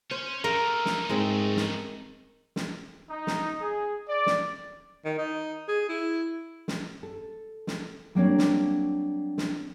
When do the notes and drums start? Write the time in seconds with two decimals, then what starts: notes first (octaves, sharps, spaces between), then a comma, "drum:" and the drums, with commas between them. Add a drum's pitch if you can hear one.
0.11 C#4 C5
0.44 A3 D#4 A#4
0.85 drum: snare
1.09 G#2 G#3 C4
1.57 drum: snare
2.56 drum: snare
3.10 D#4
3.27 drum: snare
3.62 G#4
4.09 D5
4.26 drum: snare
5.05 D#3
5.18 D#4
5.68 G#4
5.89 E4
6.68 drum: snare
7.03 A4
7.67 drum: snare
8.15 F#3 G3 A#3 C4 D4 C#5
8.38 drum: snare
9.38 drum: snare